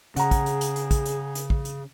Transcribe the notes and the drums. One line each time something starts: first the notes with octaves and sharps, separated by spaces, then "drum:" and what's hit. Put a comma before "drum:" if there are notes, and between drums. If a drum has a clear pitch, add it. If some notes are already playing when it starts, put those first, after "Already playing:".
C#3 G#4 F#5 A#5, drum: hi-hat
drum: kick, hi-hat
drum: hi-hat
drum: hi-hat
drum: hi-hat
drum: kick, hi-hat
drum: hi-hat
drum: hi-hat
drum: kick
drum: hi-hat